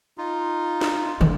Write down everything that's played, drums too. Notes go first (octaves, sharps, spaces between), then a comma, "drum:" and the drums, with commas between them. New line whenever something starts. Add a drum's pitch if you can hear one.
D#4 F4
drum: snare
D3, drum: tom